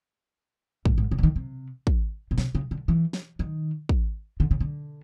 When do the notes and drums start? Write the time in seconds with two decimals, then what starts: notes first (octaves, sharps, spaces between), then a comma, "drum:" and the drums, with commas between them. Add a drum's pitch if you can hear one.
0.85 A2, drum: kick
0.98 G#2
1.11 C#3
1.19 D3
1.23 D#3
1.36 C3
1.87 drum: kick
2.31 B2
2.38 C3, drum: snare
2.55 C#3
2.71 D3
2.88 E3
3.13 drum: snare
3.39 D#3
3.89 drum: kick
4.40 D3
4.51 C#3
4.60 D3